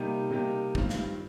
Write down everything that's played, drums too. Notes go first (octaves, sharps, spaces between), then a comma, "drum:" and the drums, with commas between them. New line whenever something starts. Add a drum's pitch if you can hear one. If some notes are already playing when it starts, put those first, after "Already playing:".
Already playing: C3 G3 A#3 D#4 G4
C3 G3 A#3 D#4 G4
G2 D#3 G3 C4 F4, drum: kick
drum: snare